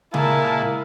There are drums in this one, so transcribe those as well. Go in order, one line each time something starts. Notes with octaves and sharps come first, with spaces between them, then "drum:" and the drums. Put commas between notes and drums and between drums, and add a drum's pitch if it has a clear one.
A#2 G#3 E4 A#4 F5 A5, drum: tom C#3